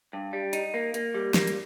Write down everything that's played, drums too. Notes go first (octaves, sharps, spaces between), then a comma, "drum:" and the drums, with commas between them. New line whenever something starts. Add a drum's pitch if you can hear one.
G2
G3
D#4, drum: hi-hat
A#3
A#3, drum: hi-hat
G3
A#3, drum: snare
drum: hi-hat